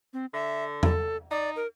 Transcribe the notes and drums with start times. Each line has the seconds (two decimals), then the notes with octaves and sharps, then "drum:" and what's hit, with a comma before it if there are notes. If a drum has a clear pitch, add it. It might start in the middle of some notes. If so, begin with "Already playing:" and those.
0.13 C4
0.34 D3 E5
0.83 A4, drum: tom E2
1.31 D#4 D5
1.56 A#4